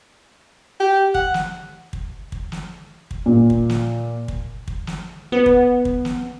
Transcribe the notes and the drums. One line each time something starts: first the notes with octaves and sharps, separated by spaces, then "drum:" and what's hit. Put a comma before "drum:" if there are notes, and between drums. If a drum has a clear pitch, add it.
G4
F#5, drum: kick
drum: snare
drum: kick
drum: kick
drum: snare
drum: kick
A#2
drum: kick
drum: snare
drum: kick
drum: kick
drum: snare
B3 B4
drum: kick
drum: kick
drum: snare